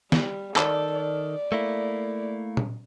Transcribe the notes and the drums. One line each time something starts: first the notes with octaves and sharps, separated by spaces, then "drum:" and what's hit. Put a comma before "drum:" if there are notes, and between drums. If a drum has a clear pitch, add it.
G3, drum: snare
D#3 A4 D5, drum: clap
D5
A3 A#3 E4
drum: tom A#2